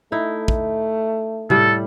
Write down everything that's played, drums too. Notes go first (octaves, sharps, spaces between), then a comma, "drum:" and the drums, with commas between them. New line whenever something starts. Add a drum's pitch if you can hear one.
A3 D#4 E4
drum: kick
A2 G3 A4, drum: tom C3